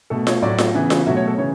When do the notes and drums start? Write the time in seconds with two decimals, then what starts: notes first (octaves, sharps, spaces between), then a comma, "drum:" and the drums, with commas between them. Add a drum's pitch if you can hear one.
0.10 B2 A3 A4
0.27 C#5, drum: snare F4
0.42 A2 F#3 A3 D5
0.58 drum: snare F4
0.74 C#3 E3 B3
0.90 drum: snare F4
1.06 B2 F#3 A3 E5
1.17 C#5
1.27 A4
1.38 C#3 E3 C#5